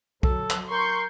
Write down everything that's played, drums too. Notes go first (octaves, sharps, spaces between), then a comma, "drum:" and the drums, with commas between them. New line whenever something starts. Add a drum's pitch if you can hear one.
F#3 A4, drum: kick B1
drum: clap
A#4 C6 C#6 G6